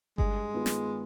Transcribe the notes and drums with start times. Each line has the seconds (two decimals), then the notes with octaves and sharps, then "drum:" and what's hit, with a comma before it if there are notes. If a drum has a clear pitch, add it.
0.18 G2 G#3, drum: kick G1
0.54 D#3 B3 F4
0.66 drum: snare